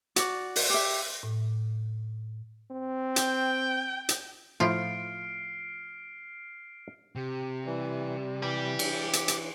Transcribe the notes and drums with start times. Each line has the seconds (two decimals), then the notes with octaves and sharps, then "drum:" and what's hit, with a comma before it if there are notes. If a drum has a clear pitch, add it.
0.16 F#4 D5, drum: hi-hat
0.56 drum: open hi-hat
0.70 G4 E5
1.23 A2
2.71 C4
3.16 G5, drum: hi-hat
4.09 drum: hi-hat
4.60 A2 F3 E4 F4 F6 C7 D7
7.15 C3 G4
7.66 E3 G3
8.43 E3 G4 D5
8.79 drum: cymbal
9.13 drum: hi-hat
9.28 drum: hi-hat